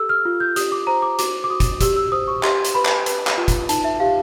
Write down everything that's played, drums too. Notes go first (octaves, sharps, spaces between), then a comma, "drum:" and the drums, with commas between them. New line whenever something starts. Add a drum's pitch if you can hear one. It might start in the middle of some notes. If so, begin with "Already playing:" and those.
Already playing: G4 A4 E6
F6
F4
G6
G4 D#6, drum: hi-hat
D6
C5 A#5
D6
F#4 D6, drum: hi-hat
D6
F#4 D#6
drum: kick, hi-hat
G4 E6, drum: kick, hi-hat
E6
C5 D#6
C#6
G4 C6, drum: clap
drum: hi-hat
B4 B5
drum: clap
B4, drum: hi-hat
drum: clap
F4
drum: kick, hi-hat
D#4 A5, drum: hi-hat
E5
G4 F5